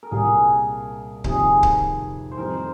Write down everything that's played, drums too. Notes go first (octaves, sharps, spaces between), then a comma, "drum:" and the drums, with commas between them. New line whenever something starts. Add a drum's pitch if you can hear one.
A#4
C2 A#2 G3 A#3 G#4
F2 C3 D#3 A#3 G#4, drum: kick C#1
drum: kick C#1
C5
F2 D#3 G3 C4 A#4
C5